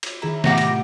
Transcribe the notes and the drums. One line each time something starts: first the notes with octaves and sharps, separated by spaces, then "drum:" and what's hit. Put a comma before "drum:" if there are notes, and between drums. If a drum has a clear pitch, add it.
drum: cymbal
D#3 E4 G#4 A#5
C2 A2 G4 D5 F#5 A#6, drum: snare
drum: cymbal